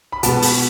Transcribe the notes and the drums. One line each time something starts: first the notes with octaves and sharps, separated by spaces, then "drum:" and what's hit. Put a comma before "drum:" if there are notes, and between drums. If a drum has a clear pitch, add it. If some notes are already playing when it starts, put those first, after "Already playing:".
B5
B2 G#3 B3 A5, drum: hi-hat
drum: open hi-hat